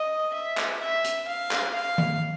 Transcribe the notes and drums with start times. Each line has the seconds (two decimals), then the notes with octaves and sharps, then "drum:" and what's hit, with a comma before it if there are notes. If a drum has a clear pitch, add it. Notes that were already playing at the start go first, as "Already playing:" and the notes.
Already playing: D#5
0.34 E5
0.58 drum: clap
0.81 E5
1.04 drum: hi-hat
1.28 F5
1.51 drum: clap
1.75 F5
1.98 drum: tom D#3